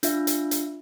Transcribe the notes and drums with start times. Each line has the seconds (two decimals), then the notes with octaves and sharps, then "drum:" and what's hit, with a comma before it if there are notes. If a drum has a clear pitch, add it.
0.03 D4 F4 E5, drum: hi-hat
0.27 drum: hi-hat
0.51 drum: hi-hat